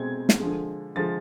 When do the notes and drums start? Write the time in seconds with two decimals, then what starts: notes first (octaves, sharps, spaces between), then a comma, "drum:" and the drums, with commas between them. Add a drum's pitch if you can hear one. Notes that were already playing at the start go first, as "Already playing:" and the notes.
Already playing: B2 G#3 C4 G#6
0.29 drum: snare
0.40 D3 F3 G#3
0.95 D3 F3 G#3 A6